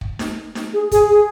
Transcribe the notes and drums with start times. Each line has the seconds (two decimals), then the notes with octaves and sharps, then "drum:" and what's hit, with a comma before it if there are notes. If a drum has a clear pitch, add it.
0.01 drum: kick
0.19 drum: snare D#4
0.55 drum: snare D#4
0.73 G#4
0.91 G#4, drum: kick, hi-hat
1.09 G#4